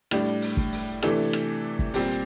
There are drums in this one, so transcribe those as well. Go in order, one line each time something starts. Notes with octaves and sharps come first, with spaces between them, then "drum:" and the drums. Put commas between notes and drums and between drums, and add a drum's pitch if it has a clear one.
A2 G3 D4, drum: rim click
drum: open hi-hat
drum: kick
drum: open hi-hat
C3 E3 A3 D4 A4, drum: rim click
drum: rim click
drum: kick
A#2 G3 C4, drum: open hi-hat